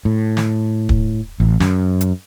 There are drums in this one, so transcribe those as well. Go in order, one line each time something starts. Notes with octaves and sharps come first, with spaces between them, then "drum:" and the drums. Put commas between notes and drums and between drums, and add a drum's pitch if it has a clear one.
A2
drum: snare
drum: kick
A1
F#2, drum: snare
drum: hi-hat